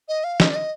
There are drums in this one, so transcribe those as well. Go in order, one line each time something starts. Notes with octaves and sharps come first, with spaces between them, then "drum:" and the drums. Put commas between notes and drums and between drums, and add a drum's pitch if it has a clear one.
D#5
F5
D#5, drum: snare
D5
D#5